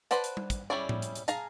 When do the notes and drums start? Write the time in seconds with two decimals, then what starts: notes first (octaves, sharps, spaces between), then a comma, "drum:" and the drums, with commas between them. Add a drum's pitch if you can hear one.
0.11 B4 C5 D5 F#5 A5, drum: hi-hat
0.24 drum: hi-hat
0.37 drum: tom
0.50 drum: kick, hi-hat
0.70 G3 C#4 E4 G#4 D5
0.89 drum: tom A2
1.02 drum: hi-hat
1.15 drum: hi-hat
1.28 G#4 F5 A5 A#5, drum: hi-hat